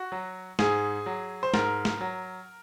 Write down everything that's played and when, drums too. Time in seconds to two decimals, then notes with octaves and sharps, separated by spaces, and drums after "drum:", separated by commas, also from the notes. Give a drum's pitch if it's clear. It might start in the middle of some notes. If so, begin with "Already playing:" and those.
Already playing: F#4
0.12 F#3
0.59 G#2 G#4, drum: snare
1.06 F#3
1.43 C5
1.54 G#2 A#4, drum: snare
1.85 drum: snare
2.01 F#3